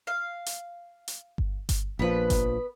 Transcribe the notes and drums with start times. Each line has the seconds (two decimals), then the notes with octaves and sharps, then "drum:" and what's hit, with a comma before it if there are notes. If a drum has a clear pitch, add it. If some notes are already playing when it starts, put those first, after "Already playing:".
0.07 F5
0.46 drum: hi-hat
1.08 drum: hi-hat
1.38 drum: kick G1
1.69 drum: kick G1, hi-hat
1.99 A#1 A#2 F3 B3 B4
2.30 drum: kick G1, hi-hat